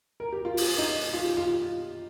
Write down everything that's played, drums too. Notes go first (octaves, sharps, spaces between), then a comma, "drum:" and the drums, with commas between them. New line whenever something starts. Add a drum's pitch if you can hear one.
A#4
G4
F4
drum: open hi-hat
D#4
F4
G4
F4